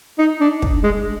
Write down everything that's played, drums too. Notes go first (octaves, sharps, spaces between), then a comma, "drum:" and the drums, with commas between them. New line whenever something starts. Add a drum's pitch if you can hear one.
D#4
D4
drum: kick
G#3